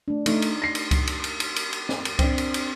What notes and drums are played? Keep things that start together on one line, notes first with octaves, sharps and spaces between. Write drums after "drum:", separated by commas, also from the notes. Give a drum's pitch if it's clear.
A3 D4
A3 D#4, drum: cymbal
drum: cymbal
A#6 C7
drum: cymbal
drum: kick C#2, cymbal
drum: cymbal
drum: cymbal
drum: cymbal
drum: cymbal
drum: cymbal
drum: snare
drum: cymbal
C4 D4, drum: kick C#2, cymbal
drum: cymbal
drum: cymbal